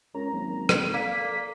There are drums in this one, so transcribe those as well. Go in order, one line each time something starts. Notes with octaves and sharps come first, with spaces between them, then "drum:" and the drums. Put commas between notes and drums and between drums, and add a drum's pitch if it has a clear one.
C#2 A#4 C#5 A#5
G#1 F#3 A#3
drum: rim click
A#3 A4 D5 B6